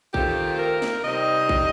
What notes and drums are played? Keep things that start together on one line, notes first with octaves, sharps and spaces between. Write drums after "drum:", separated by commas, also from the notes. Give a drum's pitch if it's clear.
D#3 A3 C4 F4 G4, drum: kick
A#4
drum: snare
C3 G3 C4 D#4 D#5
drum: kick